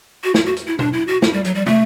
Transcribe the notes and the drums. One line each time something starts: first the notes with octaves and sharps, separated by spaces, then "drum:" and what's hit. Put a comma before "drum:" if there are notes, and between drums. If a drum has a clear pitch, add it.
F#4
E4, drum: snare
F#4
drum: hi-hat
E4
D4, drum: tom B2
E4
F#4
E4, drum: snare
G3
F#3, drum: hi-hat
G3
A3, drum: tom